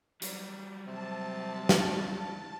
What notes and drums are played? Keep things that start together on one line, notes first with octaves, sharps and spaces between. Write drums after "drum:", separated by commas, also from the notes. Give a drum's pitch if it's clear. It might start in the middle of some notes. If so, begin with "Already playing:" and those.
F#3 G3, drum: hi-hat
C3 A5
drum: snare